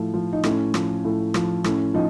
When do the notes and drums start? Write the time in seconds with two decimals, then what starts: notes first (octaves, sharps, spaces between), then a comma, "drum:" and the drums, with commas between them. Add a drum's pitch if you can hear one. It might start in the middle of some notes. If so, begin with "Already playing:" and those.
Already playing: A2 F3
0.14 F3
0.33 D#4
0.44 A2 C#4, drum: rim click
0.74 F3, drum: rim click
1.05 A2
1.34 F3, drum: rim click
1.64 A2 C#4, drum: rim click
1.94 F3 D#4